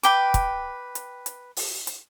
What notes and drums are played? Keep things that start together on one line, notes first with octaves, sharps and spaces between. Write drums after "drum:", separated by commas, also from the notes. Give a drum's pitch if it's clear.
B4 G5 D6, drum: hi-hat
drum: kick, hi-hat
drum: hi-hat
drum: hi-hat
drum: open hi-hat
drum: hi-hat